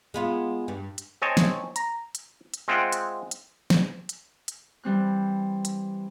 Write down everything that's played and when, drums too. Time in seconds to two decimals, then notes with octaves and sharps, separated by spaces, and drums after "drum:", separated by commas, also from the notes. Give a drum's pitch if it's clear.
0.14 G#3 B3 F4
0.68 G2
0.98 drum: hi-hat
1.22 C4 C#5 D#5 G#5 A5
1.37 drum: snare
1.76 A#5, drum: hi-hat
2.15 drum: hi-hat
2.54 drum: hi-hat
2.68 G#3 C4 F4 E5 F#5 G5
2.92 drum: hi-hat
3.31 drum: hi-hat
3.70 drum: snare
4.09 drum: hi-hat
4.48 drum: hi-hat
4.84 E3 G3 C4 F#6
5.65 drum: hi-hat